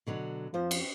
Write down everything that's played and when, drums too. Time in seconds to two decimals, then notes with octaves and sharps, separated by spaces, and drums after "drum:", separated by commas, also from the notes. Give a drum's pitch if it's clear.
0.07 B2 D3 F#3
0.54 F2 F3 C5
0.71 drum: cymbal